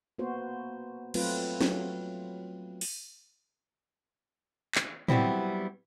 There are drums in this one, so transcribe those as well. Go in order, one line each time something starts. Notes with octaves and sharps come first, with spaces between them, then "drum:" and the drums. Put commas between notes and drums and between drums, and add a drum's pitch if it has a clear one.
A#3 B3 F#4 C5
F#3 A3 C4 F4 B4, drum: cymbal
F#3 F4, drum: snare
drum: open hi-hat
drum: clap
F#3 G3 B3 C4 E4, drum: tom A2